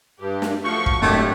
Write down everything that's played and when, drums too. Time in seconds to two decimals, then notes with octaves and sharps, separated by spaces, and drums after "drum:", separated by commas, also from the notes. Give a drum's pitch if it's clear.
0.20 G2 G4
0.42 drum: snare
0.64 F3 A3 F#4 C#6
0.86 drum: kick
1.02 G#1 F#3 A3 A#3 D4 G4 G#6